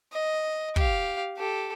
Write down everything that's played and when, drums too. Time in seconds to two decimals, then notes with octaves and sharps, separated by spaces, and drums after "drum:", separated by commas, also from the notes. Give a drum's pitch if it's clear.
0.13 D#5
0.76 G4 F5, drum: kick
1.37 G4 A4